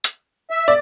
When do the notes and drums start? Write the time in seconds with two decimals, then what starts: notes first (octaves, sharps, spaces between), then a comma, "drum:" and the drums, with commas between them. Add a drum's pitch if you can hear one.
0.04 drum: hi-hat
0.50 E5
0.68 D5